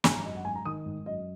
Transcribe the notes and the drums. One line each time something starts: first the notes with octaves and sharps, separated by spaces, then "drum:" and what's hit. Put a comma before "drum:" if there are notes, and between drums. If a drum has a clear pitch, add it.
G#1 G#5, drum: snare
A#5
F#2 D#5
F#5
G#1 G#5
A#5
D#3 D#6
G#1
F#2 D#5